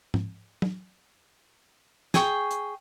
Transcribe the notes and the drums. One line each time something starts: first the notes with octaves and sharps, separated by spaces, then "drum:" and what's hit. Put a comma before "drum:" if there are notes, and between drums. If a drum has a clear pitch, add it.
drum: tom G#2
drum: tom
G#4 G5 C#6, drum: snare
drum: hi-hat